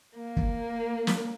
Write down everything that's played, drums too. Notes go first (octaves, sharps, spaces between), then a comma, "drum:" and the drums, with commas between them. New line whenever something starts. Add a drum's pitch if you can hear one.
A#3
drum: kick
drum: snare